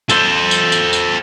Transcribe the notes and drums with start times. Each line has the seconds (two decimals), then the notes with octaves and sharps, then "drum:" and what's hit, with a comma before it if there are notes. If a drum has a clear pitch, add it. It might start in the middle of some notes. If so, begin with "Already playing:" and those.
0.10 A4 C5, drum: tambourine
0.51 drum: tambourine
0.72 drum: tambourine
0.93 drum: tambourine